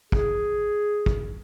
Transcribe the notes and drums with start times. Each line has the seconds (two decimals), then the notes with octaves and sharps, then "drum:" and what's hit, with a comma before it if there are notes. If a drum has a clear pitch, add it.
0.12 G#4, drum: kick
1.06 drum: kick